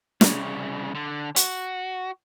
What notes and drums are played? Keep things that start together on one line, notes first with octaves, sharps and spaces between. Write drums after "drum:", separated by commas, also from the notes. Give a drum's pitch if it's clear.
C2 C#3, drum: snare
D3
F#4, drum: hi-hat